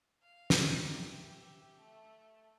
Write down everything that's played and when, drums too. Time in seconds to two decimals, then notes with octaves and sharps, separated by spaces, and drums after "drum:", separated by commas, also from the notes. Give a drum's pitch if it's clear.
0.22 F5
0.50 drum: snare
0.76 G4 E5
1.78 A3